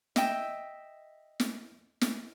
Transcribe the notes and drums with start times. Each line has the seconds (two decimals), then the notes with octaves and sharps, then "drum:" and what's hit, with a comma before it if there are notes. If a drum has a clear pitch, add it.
0.16 D#5 E5 G5, drum: snare
1.40 drum: snare
2.01 drum: snare